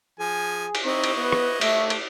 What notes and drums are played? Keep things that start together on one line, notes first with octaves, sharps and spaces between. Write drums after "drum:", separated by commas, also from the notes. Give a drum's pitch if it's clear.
F3 G#4 G#5
drum: cymbal
C4 D#4 E4 D#5 C#6
drum: cymbal
B3 B4
drum: rim click
A3 E5, drum: cymbal
drum: cymbal